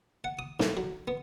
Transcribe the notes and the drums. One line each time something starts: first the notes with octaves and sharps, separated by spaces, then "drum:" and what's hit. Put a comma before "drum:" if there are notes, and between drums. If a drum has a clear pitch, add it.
F#5
D#6
A2, drum: snare
F#3
B3